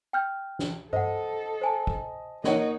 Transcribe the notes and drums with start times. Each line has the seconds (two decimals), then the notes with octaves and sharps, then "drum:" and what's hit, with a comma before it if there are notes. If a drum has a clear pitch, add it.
0.13 G5 F6 G6
0.59 drum: snare
0.93 A4 C5 D#5 F#5, drum: tom G2
1.61 C5 G#5 A5
1.87 drum: kick
2.44 A#3 D#4 C#5 D#5 F#5, drum: snare